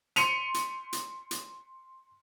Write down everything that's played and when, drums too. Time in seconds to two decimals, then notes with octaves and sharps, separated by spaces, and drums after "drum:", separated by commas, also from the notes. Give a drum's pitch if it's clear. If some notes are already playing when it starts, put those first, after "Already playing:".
0.16 C6 C#7 D#7 F7, drum: hi-hat
0.54 drum: hi-hat
0.93 drum: hi-hat
1.31 drum: hi-hat